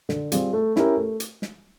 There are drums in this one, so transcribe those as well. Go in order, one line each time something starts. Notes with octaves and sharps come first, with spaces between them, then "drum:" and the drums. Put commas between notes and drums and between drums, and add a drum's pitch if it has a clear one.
D3, drum: snare
G3 C4 F4 G#4, drum: hi-hat
A3
C#4 E4 G4 A#4, drum: snare
A3
drum: hi-hat
drum: snare